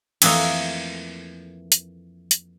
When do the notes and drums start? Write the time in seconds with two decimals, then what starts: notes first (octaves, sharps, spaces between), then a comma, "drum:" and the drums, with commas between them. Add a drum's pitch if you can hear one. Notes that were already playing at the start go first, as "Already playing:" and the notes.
0.22 F2 E3 A3 A#3 D#5, drum: cymbal
1.72 drum: hi-hat
2.31 drum: hi-hat